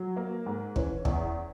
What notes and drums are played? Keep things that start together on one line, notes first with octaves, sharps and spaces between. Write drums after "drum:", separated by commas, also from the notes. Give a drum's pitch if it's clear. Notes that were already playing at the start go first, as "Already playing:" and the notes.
Already playing: F#3
A#3
G#2
E3 C#4 C#5, drum: kick
E2, drum: kick